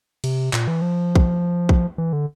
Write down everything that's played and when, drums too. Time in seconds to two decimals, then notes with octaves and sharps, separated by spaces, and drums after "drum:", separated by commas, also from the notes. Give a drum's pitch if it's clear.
0.24 C3, drum: cymbal
0.53 A#2, drum: clap
0.68 E3
0.82 F3
1.15 drum: kick A#1
1.69 drum: kick A#1
1.98 E3
2.13 D3